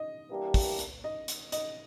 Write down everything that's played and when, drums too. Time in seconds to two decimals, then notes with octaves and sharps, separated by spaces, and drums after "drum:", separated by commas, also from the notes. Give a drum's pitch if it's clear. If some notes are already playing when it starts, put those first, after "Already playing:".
Already playing: D#5
0.30 E3 G3 A#3 D4 G4
0.54 drum: kick, open hi-hat
0.79 drum: hi-hat
1.04 D#5
1.28 drum: hi-hat
1.52 D#5, drum: hi-hat